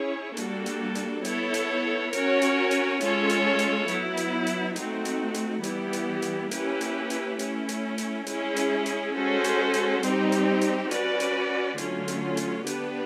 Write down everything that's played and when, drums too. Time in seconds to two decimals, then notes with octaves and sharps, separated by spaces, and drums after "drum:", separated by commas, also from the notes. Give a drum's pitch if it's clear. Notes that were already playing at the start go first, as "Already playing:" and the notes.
Already playing: C#4 E4 G#4 C#5
0.37 G3 A#3 D4 F#4 A4, drum: hi-hat
0.66 drum: hi-hat
0.95 drum: hi-hat
1.25 B3 E4 A4 C#5, drum: hi-hat
1.54 drum: hi-hat
2.13 C#4 F#4 A#4 C#5, drum: hi-hat
2.42 drum: hi-hat
2.71 drum: hi-hat
3.01 G#3 C#4 F4 A4 C#5, drum: hi-hat
3.29 drum: hi-hat
3.59 drum: hi-hat
3.88 F#3 B3 E4, drum: hi-hat
4.17 drum: hi-hat
4.47 drum: hi-hat
4.76 A3 C4 D#4 F#4, drum: hi-hat
5.05 drum: hi-hat
5.34 drum: hi-hat
5.63 E3 G3 B3 E4 G4, drum: hi-hat
5.93 drum: hi-hat
6.22 drum: hi-hat
6.51 A#3 C#4 E4 G4 B4, drum: hi-hat
6.81 drum: hi-hat
7.10 drum: hi-hat
7.39 A3 C#4 E4, drum: hi-hat
7.69 drum: hi-hat
7.98 drum: hi-hat
8.27 G#3 C#4 E4 G#4, drum: hi-hat
8.56 drum: hi-hat
8.86 drum: hi-hat
9.14 G#3 C#4 F#4 A4 C5
9.44 drum: hi-hat
9.74 drum: hi-hat
10.03 G3 C4 D#4 G4, drum: hi-hat
10.32 drum: hi-hat
10.61 drum: hi-hat
10.91 C#4 F#4 B4 D5, drum: hi-hat
11.20 drum: hi-hat
11.78 D3 F#3 A3 C#4 F4, drum: hi-hat
12.08 drum: hi-hat
12.37 drum: hi-hat
12.67 B3 D4 G4 B4, drum: hi-hat